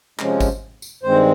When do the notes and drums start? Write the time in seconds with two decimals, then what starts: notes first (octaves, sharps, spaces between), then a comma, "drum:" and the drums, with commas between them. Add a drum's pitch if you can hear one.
0.19 C3 F3 G#3 C#4, drum: clap
0.40 drum: kick G#1, tambourine
0.82 drum: tambourine
1.03 G2 D#3 G#3 C4 C5